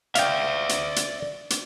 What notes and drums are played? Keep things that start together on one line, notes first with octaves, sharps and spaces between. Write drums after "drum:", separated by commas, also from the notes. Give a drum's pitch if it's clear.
D5 E5 F5 G5, drum: hi-hat
drum: hi-hat
drum: hi-hat
drum: hi-hat